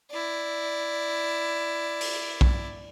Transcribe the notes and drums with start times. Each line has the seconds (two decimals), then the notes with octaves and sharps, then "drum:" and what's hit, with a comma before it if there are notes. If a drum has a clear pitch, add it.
0.11 E4 D5
2.01 drum: open hi-hat
2.41 drum: kick B1